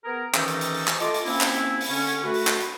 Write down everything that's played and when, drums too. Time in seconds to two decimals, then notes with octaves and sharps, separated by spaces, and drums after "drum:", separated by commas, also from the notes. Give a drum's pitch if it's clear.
0.05 B3 G#4 A#4
0.34 C3 D#3 E3 C#4 D#4 A4, drum: clap
0.48 drum: hi-hat
0.61 drum: hi-hat
0.74 drum: open hi-hat
0.87 drum: clap
1.00 A3 F4 D#5 A5 D6, drum: hi-hat
1.14 drum: hi-hat
1.26 F3 A#3 C4 C#4 E4, drum: open hi-hat
1.41 drum: clap
1.54 drum: hi-hat
1.81 drum: open hi-hat
1.90 D3 C#4
2.07 drum: hi-hat
2.24 A3 F#4 B4
2.34 drum: open hi-hat
2.47 drum: clap
2.60 drum: hi-hat